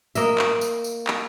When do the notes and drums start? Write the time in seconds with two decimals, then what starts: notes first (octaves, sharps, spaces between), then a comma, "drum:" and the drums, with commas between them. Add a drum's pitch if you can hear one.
0.15 A#3 D#5 E5, drum: tambourine
0.38 drum: clap
0.61 drum: tambourine
0.84 drum: tambourine
1.07 drum: clap